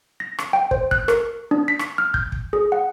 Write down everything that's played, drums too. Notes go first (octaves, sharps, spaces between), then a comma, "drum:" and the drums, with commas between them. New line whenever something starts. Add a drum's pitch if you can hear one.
A#6
drum: rim click
G5
C5, drum: kick
F#6, drum: kick
A#4, drum: rim click
D4
B6
drum: rim click
F6
G6, drum: kick
drum: kick
G#4
F#5